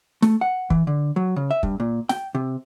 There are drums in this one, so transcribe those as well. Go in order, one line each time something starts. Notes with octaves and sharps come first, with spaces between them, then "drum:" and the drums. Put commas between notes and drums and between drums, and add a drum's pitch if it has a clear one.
A3, drum: snare
F#5
E3, drum: kick
D3
F#3
C#3
E5
G2, drum: kick
A#2
G5, drum: snare
C3